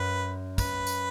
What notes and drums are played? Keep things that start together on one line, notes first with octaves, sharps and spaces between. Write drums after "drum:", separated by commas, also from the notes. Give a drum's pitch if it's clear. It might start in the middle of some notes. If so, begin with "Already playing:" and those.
Already playing: F#2 B4
B4, drum: kick, tambourine
drum: tambourine